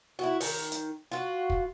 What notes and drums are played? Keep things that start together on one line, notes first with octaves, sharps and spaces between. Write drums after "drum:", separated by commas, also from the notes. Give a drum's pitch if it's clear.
E4 F#4
D#3, drum: open hi-hat
drum: hi-hat
F4 F#4
drum: kick